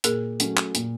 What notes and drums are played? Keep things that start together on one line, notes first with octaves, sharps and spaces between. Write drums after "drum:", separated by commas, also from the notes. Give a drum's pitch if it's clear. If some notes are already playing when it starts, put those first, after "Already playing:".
A#2 G#4 A#4, drum: hi-hat
F#3 A3 C#4, drum: hi-hat
drum: clap
A#2, drum: hi-hat